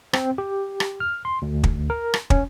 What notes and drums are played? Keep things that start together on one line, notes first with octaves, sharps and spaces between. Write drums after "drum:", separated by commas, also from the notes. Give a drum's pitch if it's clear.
C4, drum: rim click
G4
drum: rim click
F6
C6
D2
drum: kick
A#4
drum: rim click
C#4, drum: kick